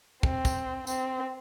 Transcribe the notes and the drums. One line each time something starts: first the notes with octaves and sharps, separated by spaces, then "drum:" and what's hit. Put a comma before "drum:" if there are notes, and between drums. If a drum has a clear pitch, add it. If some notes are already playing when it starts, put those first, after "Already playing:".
C4, drum: kick
drum: kick, tambourine
C4, drum: tambourine